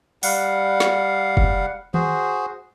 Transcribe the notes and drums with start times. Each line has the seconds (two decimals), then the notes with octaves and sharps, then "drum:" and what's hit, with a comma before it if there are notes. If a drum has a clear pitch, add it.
0.23 G3 F5 F#5, drum: open hi-hat
0.80 drum: snare
1.37 drum: kick F1
1.94 F#4 G#4 C5, drum: tom D#3